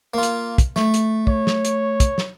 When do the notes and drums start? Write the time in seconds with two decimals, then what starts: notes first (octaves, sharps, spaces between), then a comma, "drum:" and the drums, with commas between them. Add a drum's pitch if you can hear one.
0.14 A#3 F4
0.23 drum: hi-hat
0.58 drum: kick, hi-hat
0.76 A3, drum: snare
0.94 drum: hi-hat
1.27 C#5, drum: kick
1.47 drum: snare
1.65 drum: hi-hat
2.00 drum: kick, hi-hat
2.18 drum: snare